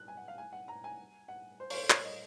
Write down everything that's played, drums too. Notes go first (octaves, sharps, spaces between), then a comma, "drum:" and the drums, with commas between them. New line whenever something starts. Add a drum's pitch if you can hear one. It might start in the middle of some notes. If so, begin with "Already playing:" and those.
Already playing: F#6
G#5
F#5
F5
G#5
F#5
A#5
G#5
F#5
C5
C#5, drum: open hi-hat
C5
C#5, drum: clap
D#5